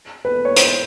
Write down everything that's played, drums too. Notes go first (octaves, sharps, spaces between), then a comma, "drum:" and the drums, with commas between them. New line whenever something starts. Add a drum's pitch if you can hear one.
B4
C#5
C5, drum: hi-hat